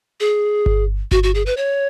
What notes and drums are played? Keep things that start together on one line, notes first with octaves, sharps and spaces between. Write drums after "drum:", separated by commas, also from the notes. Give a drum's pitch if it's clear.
G#4
drum: kick G1
F#4, drum: kick G1
F#4
G#4
B4
C#5